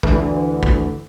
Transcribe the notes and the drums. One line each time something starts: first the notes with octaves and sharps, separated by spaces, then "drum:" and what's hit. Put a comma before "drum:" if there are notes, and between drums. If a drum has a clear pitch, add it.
D2 D3 E3, drum: kick
drum: kick